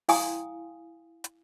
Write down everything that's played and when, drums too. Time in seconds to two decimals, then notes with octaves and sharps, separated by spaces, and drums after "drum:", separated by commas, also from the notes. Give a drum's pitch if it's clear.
0.09 E4 F5 G5 G#5 C6 D#6, drum: open hi-hat
1.24 drum: hi-hat